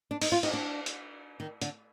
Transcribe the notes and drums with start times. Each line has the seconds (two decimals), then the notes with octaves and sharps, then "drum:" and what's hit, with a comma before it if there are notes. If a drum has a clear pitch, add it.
0.11 D4
0.21 D#4, drum: open hi-hat
0.32 F4
0.43 D#4, drum: cymbal
0.53 D4
0.86 drum: hi-hat
1.40 D#3
1.62 D3, drum: hi-hat